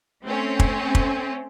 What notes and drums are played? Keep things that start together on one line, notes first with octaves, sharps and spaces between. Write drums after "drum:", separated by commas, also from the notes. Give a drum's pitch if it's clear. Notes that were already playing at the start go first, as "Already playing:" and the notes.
A3 C4 C#4
drum: kick
drum: kick